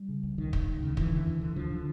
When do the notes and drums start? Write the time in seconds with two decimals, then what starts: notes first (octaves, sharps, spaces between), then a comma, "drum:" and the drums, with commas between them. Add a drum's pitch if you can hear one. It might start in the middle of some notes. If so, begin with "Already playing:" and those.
Already playing: G3
0.09 C#3
0.23 C#2
0.38 C#2 D#3
0.53 C#2, drum: kick
0.68 C#2
0.83 C#3
0.97 D3 E3, drum: kick
1.12 D3
1.27 D2
1.41 D3
1.56 D3 F3
1.71 D3